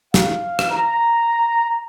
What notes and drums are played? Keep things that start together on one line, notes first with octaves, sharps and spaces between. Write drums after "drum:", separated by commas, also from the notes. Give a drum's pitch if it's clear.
F5, drum: snare
drum: rim click
A#5